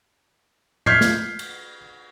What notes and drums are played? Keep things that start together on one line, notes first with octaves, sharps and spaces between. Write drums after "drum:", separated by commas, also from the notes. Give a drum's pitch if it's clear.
F6 G6 G#6 B6 C7, drum: tom A2
drum: snare
drum: cymbal